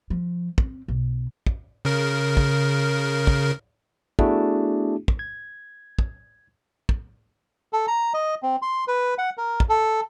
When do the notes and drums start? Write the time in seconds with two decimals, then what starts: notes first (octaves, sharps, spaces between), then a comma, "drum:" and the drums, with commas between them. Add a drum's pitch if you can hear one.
0.10 F3
0.58 C4, drum: kick
0.88 B1
1.46 drum: kick
1.85 C#3 A#4
2.37 drum: kick
3.27 drum: kick
4.19 A3 B3 D4 E4 F#4 G#4, drum: kick
5.08 drum: kick
5.19 G#6
5.99 drum: kick
6.89 drum: kick
7.73 A4
7.88 A#5
8.14 D#5
8.43 C4
8.62 C6
8.88 B4
9.18 F#5
9.38 A#4
9.60 drum: kick
9.69 A4